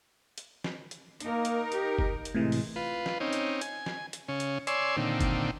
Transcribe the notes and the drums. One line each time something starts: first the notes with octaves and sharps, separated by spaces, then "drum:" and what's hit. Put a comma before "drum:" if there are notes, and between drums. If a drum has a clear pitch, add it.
drum: hi-hat
drum: snare
drum: hi-hat
A#3 D#4 A#4, drum: hi-hat
drum: hi-hat
G4, drum: hi-hat
drum: kick G1
drum: hi-hat
A2 C3 E3 G#3
drum: open hi-hat
F4 B4
drum: snare
C4 C#4 D#4
drum: hi-hat
G#5, drum: hi-hat
drum: snare
drum: hi-hat
C#3 C#4
drum: hi-hat
C#5 D5 G#5 C6 E6, drum: hi-hat
A#2 D3 D#3 C4
drum: kick G1, hi-hat